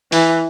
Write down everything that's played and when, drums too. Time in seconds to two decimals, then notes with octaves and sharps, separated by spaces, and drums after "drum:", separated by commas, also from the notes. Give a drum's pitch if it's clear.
0.12 E3, drum: open hi-hat